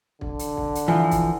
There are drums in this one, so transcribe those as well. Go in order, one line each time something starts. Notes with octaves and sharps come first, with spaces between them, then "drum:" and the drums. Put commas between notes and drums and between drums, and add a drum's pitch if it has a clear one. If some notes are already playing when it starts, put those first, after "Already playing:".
D3, drum: kick
drum: hi-hat
drum: kick
drum: hi-hat
E3 F3
drum: kick, hi-hat